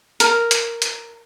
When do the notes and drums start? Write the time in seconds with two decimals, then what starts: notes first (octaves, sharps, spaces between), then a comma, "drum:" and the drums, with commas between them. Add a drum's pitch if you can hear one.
0.20 A#4, drum: hi-hat
0.51 drum: hi-hat
0.82 drum: hi-hat